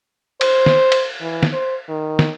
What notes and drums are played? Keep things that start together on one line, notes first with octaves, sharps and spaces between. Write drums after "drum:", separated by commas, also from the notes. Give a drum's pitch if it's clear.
C5, drum: cymbal
drum: snare
drum: cymbal
E3
drum: snare
C5
D#3
drum: snare